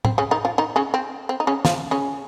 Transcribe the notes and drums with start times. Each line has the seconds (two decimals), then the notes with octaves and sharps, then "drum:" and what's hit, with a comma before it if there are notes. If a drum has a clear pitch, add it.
0.05 C4, drum: tom A2
0.18 C#3 C#4
0.31 D#3 D#4
0.45 F3 F4
0.58 D#3 D#4
0.76 C#3 C#4
0.94 C4
1.29 C4
1.40 D#4
1.47 C#3 C#4
1.65 F3 F4, drum: snare
1.91 C#3 C#4